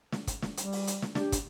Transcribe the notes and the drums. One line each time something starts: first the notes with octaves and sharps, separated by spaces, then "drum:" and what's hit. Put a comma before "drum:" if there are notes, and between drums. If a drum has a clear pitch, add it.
drum: snare
drum: kick, hi-hat
drum: snare
G3, drum: hi-hat
drum: open hi-hat
drum: hi-hat
drum: snare
D4 G4, drum: snare
drum: kick, hi-hat